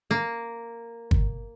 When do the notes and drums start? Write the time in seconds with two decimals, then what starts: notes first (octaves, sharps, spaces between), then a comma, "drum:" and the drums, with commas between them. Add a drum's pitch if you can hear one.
0.11 A#3
1.11 drum: kick